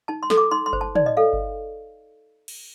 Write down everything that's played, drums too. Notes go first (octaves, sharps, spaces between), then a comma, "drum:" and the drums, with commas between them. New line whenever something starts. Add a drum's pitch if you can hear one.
D#4 A5
C6
A4, drum: snare
D6
D#4 C6
C6
C5, drum: kick G1
A5
D#4 D5, drum: tom
D#5
A4 F5
drum: kick G1
drum: cymbal